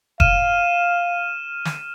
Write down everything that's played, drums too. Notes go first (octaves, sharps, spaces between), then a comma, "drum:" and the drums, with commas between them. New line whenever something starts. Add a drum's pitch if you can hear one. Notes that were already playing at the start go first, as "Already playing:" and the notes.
F5 F6 D#7 E7, drum: kick F1
drum: snare